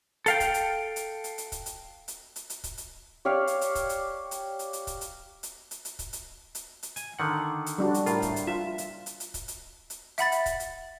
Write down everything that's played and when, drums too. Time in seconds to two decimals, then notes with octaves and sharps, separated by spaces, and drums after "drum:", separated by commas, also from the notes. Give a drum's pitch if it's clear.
0.26 A4 F5 G5, drum: hi-hat
0.40 drum: kick C#1, hi-hat
0.54 drum: hi-hat
0.96 drum: hi-hat
1.24 drum: hi-hat
1.38 drum: hi-hat
1.52 drum: kick C#1, hi-hat
1.66 drum: hi-hat
2.08 drum: hi-hat
2.36 drum: hi-hat
2.50 drum: hi-hat
2.64 drum: kick C#1, hi-hat
2.78 drum: hi-hat
3.25 G4 C#5 D5 F5
3.47 drum: hi-hat
3.61 drum: hi-hat
3.75 drum: kick C#1, hi-hat
3.89 drum: hi-hat
4.31 drum: hi-hat
4.59 drum: hi-hat
4.73 drum: hi-hat
4.87 drum: kick C#1, hi-hat
5.01 drum: hi-hat
5.43 drum: hi-hat
5.71 drum: hi-hat
5.85 drum: hi-hat
5.99 drum: kick C#1, hi-hat
6.13 drum: hi-hat
6.55 drum: hi-hat
6.83 drum: hi-hat
6.96 G#5, drum: hi-hat
7.19 D3 D#3 F#5
7.66 drum: hi-hat
7.78 G3 D4 F#4
7.94 drum: hi-hat
8.06 A2 F4 A#4, drum: hi-hat
8.22 drum: kick C#1, hi-hat
8.36 drum: hi-hat
8.47 F4 E5
8.78 drum: hi-hat
9.06 drum: hi-hat
9.20 drum: hi-hat
9.34 drum: kick C#1, hi-hat
9.48 drum: hi-hat
9.90 drum: hi-hat
10.18 E5 F#5 B5 A6, drum: hi-hat
10.32 drum: hi-hat
10.46 drum: kick C#1, hi-hat
10.60 drum: hi-hat